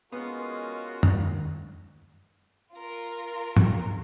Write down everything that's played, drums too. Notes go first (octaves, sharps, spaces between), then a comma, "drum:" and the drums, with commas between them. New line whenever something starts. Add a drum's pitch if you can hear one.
G#3 B3 C#4 F4 F#4 A#4 F5 D#6
drum: tom
F4 A#4
drum: tom